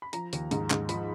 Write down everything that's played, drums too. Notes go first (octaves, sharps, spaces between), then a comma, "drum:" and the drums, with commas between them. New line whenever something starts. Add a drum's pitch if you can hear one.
B5
F3 A#5, drum: hi-hat
D#2, drum: hi-hat
G#2, drum: hi-hat
G#2, drum: clap
F3 B5, drum: hi-hat